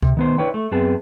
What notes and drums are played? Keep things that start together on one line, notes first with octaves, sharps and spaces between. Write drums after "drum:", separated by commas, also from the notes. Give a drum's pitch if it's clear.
C3, drum: kick C#2
D#3 B3 C5
D4 E4 B4 C#5 G5
A3
F#2 B3 C4 G#4 B4 A5